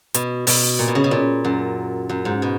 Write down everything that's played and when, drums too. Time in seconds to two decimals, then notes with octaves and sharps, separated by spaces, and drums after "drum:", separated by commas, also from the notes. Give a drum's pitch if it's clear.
0.14 B2, drum: hi-hat
0.47 B2, drum: open hi-hat
0.79 A#2
0.88 B2
0.95 C#3
1.04 B2
1.11 A#2
1.44 F#2
2.09 F#2
2.25 G#2
2.42 B2